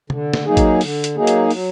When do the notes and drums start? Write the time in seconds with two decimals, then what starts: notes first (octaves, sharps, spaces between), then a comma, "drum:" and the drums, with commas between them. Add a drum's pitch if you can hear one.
0.10 D3, drum: tom C3
0.33 drum: snare
0.45 F#3 A#3 D#4 G#4
0.57 drum: kick A1, hi-hat
0.81 D3, drum: open hi-hat
1.04 drum: hi-hat
1.16 F#3 A#3 D#4 G#4
1.27 drum: hi-hat
1.50 F#3, drum: open hi-hat